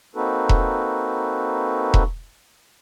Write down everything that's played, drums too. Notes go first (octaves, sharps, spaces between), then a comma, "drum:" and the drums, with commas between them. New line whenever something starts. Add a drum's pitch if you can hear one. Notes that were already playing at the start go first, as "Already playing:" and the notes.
A#3 C4 D#4 F#4 A4 B4
drum: kick E1
drum: kick E1